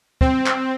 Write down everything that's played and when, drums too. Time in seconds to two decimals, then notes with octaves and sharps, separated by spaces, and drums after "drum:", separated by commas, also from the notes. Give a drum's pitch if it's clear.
0.21 C4, drum: kick
0.46 drum: clap